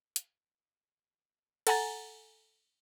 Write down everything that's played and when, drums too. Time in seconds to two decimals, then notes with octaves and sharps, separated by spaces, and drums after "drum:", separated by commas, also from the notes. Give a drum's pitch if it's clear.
0.16 drum: hi-hat
1.67 A4 F#5 G#5 A#5 A6, drum: cymbal